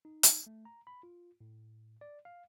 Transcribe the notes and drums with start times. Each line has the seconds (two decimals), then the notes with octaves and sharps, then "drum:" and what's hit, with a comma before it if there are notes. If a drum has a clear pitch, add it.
0.05 D#4
0.23 drum: hi-hat
0.46 A3
0.65 A#5
0.87 B5
1.03 F4
1.41 A2
2.01 D5
2.25 F5